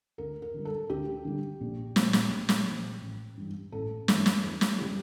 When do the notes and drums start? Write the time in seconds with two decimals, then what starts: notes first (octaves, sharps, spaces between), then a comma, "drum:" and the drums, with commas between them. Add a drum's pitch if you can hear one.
0.18 D2 A#4
0.42 A#4
0.54 D3 G3
0.65 A4
0.89 D2 G4
1.25 D3 G3
1.61 A#1
1.96 A#2 F3, drum: snare
2.13 drum: snare
2.31 A#1
2.49 drum: snare
2.66 A#2 F3
3.01 A1
3.37 G2 E3 G3
3.72 A1 A4
4.08 G2 E3 G3, drum: snare
4.26 drum: snare
4.44 E2
4.61 drum: snare
4.79 C#3 G3